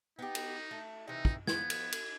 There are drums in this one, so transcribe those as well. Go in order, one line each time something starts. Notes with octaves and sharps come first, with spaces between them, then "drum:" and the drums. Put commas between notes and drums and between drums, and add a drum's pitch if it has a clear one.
B3 D#4 G4
drum: cymbal
A3
C3 E3 D#4
drum: kick
F3 B3 G#6, drum: snare
drum: cymbal
drum: cymbal